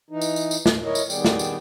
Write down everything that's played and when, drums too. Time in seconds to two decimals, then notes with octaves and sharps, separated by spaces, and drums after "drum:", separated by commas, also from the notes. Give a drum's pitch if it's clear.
0.10 E3 D#4
0.21 drum: tambourine
0.36 drum: tambourine
0.51 drum: tambourine
0.66 drum: snare
0.84 E4 A#4 C#5 D#5
0.95 drum: tambourine
1.10 D#3 G3 B3 G#4 D5 G5, drum: tambourine
1.25 drum: snare
1.39 drum: tambourine